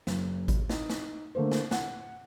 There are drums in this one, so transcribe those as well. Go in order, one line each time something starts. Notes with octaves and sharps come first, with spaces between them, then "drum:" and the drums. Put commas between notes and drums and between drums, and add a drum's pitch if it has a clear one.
F#1, drum: snare
drum: kick G#1, hi-hat
D#4, drum: snare
drum: snare
D3 A3 A#3 C5
drum: snare
F#5, drum: snare